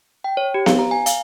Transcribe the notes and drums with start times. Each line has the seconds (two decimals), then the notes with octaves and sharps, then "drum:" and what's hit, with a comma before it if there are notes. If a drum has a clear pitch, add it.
0.24 G5
0.37 C#5
0.54 G4
0.66 F5, drum: snare B3
0.79 A#5
0.91 G#5
1.06 F5, drum: hi-hat